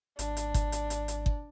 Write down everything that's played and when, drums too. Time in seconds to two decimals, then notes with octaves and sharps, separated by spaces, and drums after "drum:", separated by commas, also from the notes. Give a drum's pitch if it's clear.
0.19 G#1 D4, drum: hi-hat
0.37 drum: hi-hat
0.54 drum: kick G1, hi-hat
0.72 drum: hi-hat
0.90 drum: hi-hat
1.08 drum: hi-hat
1.26 drum: kick G1